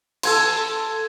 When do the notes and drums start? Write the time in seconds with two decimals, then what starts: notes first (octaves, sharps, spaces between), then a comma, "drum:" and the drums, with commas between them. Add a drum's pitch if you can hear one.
0.23 A4 G#5 C6, drum: cymbal